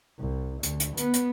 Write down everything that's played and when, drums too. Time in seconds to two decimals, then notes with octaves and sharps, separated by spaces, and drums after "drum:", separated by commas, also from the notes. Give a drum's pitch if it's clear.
0.19 C2
0.63 D2, drum: hi-hat
0.80 drum: hi-hat
0.97 B3, drum: hi-hat
1.14 drum: hi-hat